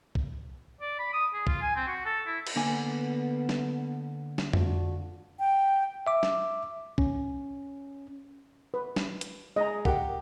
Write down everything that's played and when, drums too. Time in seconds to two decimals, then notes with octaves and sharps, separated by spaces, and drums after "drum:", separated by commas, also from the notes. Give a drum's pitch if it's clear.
0.15 drum: kick
0.81 D5
0.99 B5
1.13 D#6
1.34 G#4
1.47 F4, drum: kick
1.62 G#5
1.76 C4
1.87 F#4
2.05 A4
2.26 E4
2.47 drum: cymbal
2.56 D3 A#3 B3 G#5
3.49 drum: snare
4.38 drum: snare
4.53 D4 F4 F#4, drum: tom F2
5.39 G5
6.07 E5 D6
6.23 drum: snare
6.98 C#4, drum: kick
8.74 B4
8.96 drum: snare
9.21 drum: hi-hat
9.56 G#3 D#5 A#5
9.85 G4 A#4 F#5 G5, drum: kick